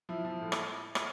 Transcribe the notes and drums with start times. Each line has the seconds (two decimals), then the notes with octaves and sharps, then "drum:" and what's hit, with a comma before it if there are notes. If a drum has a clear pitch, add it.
0.09 F3 E4
0.25 F3
0.41 A2
0.52 drum: rim click
0.95 drum: rim click